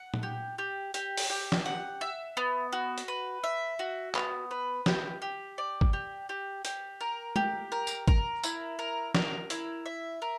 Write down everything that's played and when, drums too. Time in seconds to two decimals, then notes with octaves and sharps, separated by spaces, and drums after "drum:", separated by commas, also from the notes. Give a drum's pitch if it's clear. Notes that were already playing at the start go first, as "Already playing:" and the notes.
Already playing: F#5
0.14 drum: tom A#2
0.23 G4
0.58 G4
0.94 G4, drum: hi-hat
1.17 drum: open hi-hat
1.30 G4
1.52 drum: snare
1.66 F#5
2.01 E5
2.37 B3
2.73 F#4
2.98 drum: hi-hat
3.08 B4
3.44 E5
3.79 F#4
4.15 B3, drum: clap
4.51 B4
4.86 G4, drum: snare
5.22 G4
5.58 D5
5.81 drum: kick
5.93 G4
6.29 G4
6.65 G4, drum: hi-hat
7.01 A#4
7.36 G4, drum: tom
7.72 A#4
7.87 drum: tambourine
8.08 A#4, drum: kick
8.43 E4, drum: tambourine
8.79 A#4
9.15 A#4, drum: snare
9.50 E4, drum: hi-hat
9.86 E5
10.22 A#4